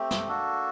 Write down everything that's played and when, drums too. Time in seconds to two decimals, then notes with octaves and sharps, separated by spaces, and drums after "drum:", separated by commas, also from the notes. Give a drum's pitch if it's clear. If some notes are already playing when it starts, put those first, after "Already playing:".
Already playing: A3 C4 G4
0.11 drum: snare
0.28 A#3 D4 F#4 A4